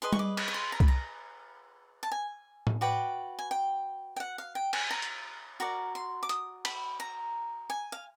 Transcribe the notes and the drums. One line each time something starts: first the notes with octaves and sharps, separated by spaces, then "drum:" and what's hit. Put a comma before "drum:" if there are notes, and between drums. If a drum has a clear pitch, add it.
G#4 B4 D#5 C6
C#6, drum: tom G3
D6
C#6, drum: cymbal
C#6
C6
A#5
B5, drum: kick C2
A#5
A5
G#5
drum: tom A2
F#4 B4 D5 G5
G#5
G5
G5
F#5
F5
G5
G#5, drum: cymbal
A#5
drum: hi-hat
F#4 A#4 D5 A#5
C6
D6
D#6, drum: hi-hat
B5, drum: cymbal
A#5
G#5
F5